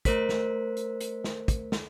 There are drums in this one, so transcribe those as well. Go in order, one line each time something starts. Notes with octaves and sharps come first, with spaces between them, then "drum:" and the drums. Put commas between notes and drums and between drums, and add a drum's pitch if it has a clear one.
A3 A#4 C5 B6, drum: kick, hi-hat
drum: snare
drum: hi-hat
drum: hi-hat
drum: snare
drum: kick, hi-hat
drum: snare